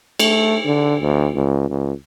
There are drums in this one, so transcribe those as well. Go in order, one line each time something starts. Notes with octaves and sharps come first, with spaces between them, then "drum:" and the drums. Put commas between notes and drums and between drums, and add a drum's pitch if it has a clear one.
A3, drum: cymbal
D3
D2
C#2
C#2